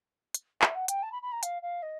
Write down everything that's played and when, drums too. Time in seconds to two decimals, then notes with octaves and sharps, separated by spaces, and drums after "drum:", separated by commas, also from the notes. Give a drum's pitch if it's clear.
0.34 drum: hi-hat
0.62 E5, drum: clap
0.75 F#5
0.88 G5, drum: hi-hat
1.03 A5
1.12 B5
1.22 B5
1.32 A#5
1.43 F5, drum: hi-hat
1.63 F5
1.83 D#5